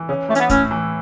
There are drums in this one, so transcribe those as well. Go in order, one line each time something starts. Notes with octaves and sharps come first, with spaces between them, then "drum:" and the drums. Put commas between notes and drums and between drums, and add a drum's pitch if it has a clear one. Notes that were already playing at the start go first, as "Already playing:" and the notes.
Already playing: E3
C#3 C#4
E3 A3
C#4, drum: hi-hat
B3
A2 C#4, drum: kick, hi-hat
E3